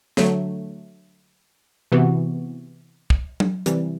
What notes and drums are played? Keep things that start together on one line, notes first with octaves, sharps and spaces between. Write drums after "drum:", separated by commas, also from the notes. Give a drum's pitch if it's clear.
D3 F#3 A3, drum: snare
C3 E3 B3 F#4
drum: kick
drum: tom
C3 E3 G3, drum: hi-hat